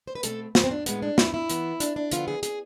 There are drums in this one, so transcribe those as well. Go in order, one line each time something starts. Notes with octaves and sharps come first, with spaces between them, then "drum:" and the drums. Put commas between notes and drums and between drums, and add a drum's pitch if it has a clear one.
C5
B4
B2 A3 C4 A4, drum: hi-hat
C5, drum: snare
C4
D4
A2 G#3 B3, drum: hi-hat
D4
E4, drum: snare
E4
E3 B3, drum: hi-hat
D4, drum: hi-hat
D4
D3 F3 B3 F4, drum: hi-hat
G#4
G#4, drum: hi-hat